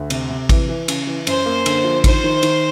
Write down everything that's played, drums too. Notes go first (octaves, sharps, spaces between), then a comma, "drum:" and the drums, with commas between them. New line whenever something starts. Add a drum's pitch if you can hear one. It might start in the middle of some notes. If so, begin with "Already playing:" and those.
Already playing: D2
C3, drum: cymbal
C3
E3, drum: kick A1, cymbal
E3
C#3, drum: cymbal
E3
F#2 C5, drum: cymbal
A#3
D3, drum: cymbal
F3
D#3 C5, drum: kick A1, cymbal
D#3
D#3, drum: cymbal